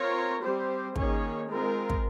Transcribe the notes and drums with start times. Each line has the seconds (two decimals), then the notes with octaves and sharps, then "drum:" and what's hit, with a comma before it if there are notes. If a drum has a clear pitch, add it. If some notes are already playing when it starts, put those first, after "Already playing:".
Already playing: C4 F4 A#4 C#5
0.43 G3 C4 G4 C5
0.96 D#3 A#3 C#4 G#4 C#5, drum: kick
1.49 G#3 C4 F4 A#4
1.90 drum: kick